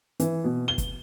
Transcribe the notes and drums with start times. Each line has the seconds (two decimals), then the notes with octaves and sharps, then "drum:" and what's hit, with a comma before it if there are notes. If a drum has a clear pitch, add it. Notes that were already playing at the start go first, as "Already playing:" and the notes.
0.20 E3, drum: hi-hat
0.44 B2
0.68 G7
0.78 drum: kick, hi-hat